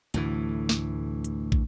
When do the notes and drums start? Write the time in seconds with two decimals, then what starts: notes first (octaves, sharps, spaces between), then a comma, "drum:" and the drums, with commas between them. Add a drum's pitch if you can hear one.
0.14 D2 A2 E3, drum: hi-hat
0.69 drum: snare
1.24 drum: hi-hat
1.52 drum: kick